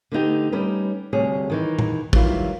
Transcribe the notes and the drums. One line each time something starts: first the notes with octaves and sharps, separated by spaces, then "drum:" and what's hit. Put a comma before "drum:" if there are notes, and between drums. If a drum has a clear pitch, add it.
D3 B3 D#4 G4
G3 C#4 D#4 B4
D2 C3 G3 G#4 C#5
D#3 E3 D#4
drum: tom A#2
D#3 E3 F#3 G3 E4 F4, drum: kick